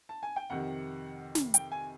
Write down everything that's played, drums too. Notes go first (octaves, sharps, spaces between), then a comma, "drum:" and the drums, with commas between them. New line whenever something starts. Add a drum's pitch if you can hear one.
A5
G#5
G5
F2 C3 D#3 F#5
drum: snare
G5, drum: hi-hat
G#5